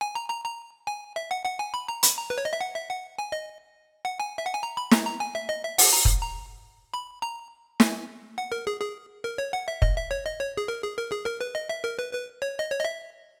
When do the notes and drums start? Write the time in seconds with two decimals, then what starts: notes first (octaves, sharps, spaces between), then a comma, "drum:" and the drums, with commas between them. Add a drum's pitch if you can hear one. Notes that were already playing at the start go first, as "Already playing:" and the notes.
0.01 G#5
0.15 A#5
0.30 A#5
0.45 A#5
0.87 G#5
1.16 E5
1.31 F#5
1.45 F#5
1.59 G#5
1.74 B5
1.88 A#5
2.03 B5, drum: hi-hat
2.17 A#5
2.30 B4
2.38 C#5
2.45 D#5
2.53 E5
2.61 F#5
2.75 E5
2.90 F#5
3.18 G#5
3.32 D#5
4.05 F#5
4.20 G#5
4.38 E5
4.46 F#5
4.54 G#5
4.63 A#5
4.77 B5
4.91 A#5, drum: snare
5.06 A#5
5.20 G#5
5.35 E5
5.49 D#5
5.64 E5
5.78 F#5, drum: open hi-hat
5.93 A#5
6.05 drum: kick
6.21 A#5
6.94 B5
7.22 A#5
7.80 G#5, drum: snare
8.38 F#5
8.52 A#4
8.67 G#4
8.81 G#4
9.24 A#4
9.38 C#5
9.53 F#5
9.68 E5
9.82 D#5, drum: kick
9.96 E5
10.11 C#5
10.26 D#5
10.40 C#5
10.57 G#4
10.68 A#4
10.83 G#4
10.98 A#4
11.12 G#4
11.26 A#4
11.41 B4
11.55 D#5
11.69 E5
11.84 A#4
11.99 B4
12.13 B4
12.42 C#5
12.59 D#5
12.71 C#5
12.80 D#5
12.85 E5